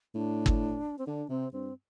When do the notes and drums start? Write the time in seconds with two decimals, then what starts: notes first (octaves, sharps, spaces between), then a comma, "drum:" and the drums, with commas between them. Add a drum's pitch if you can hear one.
0.15 A2 D4
0.46 drum: kick G1
0.99 C4
1.07 D3 D4
1.30 C3 C4
1.53 G2 C4